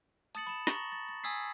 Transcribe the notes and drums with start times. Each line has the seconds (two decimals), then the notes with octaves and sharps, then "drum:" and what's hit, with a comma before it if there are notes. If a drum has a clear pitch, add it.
0.35 A5 D#6 A6 C#7 F#7, drum: hi-hat
0.47 B5 E7
0.67 A#5 C#6 A6 A#6 F#7, drum: snare
0.92 A6
1.09 A6
1.23 G#5 D#6 E6 G#6 B6 C7